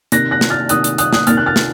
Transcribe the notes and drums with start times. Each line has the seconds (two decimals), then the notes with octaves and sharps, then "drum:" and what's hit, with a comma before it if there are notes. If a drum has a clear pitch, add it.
0.12 C3 D#3 F#6 A#6, drum: hi-hat
0.31 F#6 A#6
0.41 drum: snare
0.50 F6 A6
0.69 C3 D#3 D#6 F#6, drum: hi-hat
0.84 drum: hi-hat
0.98 D#6 F#6, drum: hi-hat
1.13 D#6 F#6, drum: snare
1.27 C3 D#3 F6 A6, drum: hi-hat
1.37 F#6
1.46 F6 A6
1.56 drum: snare